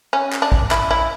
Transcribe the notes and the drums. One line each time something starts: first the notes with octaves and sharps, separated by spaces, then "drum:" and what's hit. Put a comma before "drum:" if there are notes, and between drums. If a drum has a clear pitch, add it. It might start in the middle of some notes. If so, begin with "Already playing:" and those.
C#4
drum: clap
D4
drum: kick
E4, drum: clap
E4